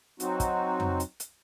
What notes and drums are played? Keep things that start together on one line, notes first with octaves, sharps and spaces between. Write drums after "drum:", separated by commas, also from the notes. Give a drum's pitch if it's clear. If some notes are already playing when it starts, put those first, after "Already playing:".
F#3 C4 D#4 F#4, drum: hi-hat
drum: kick, hi-hat
drum: tom F2
drum: hi-hat
drum: hi-hat